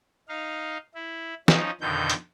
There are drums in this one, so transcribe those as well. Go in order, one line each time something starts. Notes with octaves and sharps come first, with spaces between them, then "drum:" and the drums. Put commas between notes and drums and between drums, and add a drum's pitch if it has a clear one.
D#4 F5
E4
F3 C#4 D#4, drum: snare
F2 B2 D3 D#3 G6
drum: hi-hat